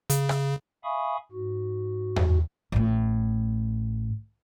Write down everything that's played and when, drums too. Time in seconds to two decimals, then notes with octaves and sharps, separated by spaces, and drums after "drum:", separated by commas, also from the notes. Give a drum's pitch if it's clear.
0.10 C#3, drum: hi-hat
0.29 drum: rim click
0.84 E5 F5 G#5 B5 C#6 D#6
1.32 G#2 F#4
2.16 drum: tom E2
2.72 A1 A2